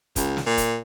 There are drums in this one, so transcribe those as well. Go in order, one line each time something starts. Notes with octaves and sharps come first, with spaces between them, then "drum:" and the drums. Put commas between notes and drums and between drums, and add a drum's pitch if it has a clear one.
C#2, drum: kick, hi-hat
drum: snare
A#2
drum: kick, hi-hat